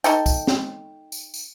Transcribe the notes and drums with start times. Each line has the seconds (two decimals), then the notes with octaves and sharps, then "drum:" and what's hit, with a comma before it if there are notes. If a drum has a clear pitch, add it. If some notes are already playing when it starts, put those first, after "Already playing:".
0.04 D#4 A4 G5, drum: tambourine
0.26 drum: kick, tambourine
0.47 drum: snare
1.12 drum: tambourine
1.34 drum: tambourine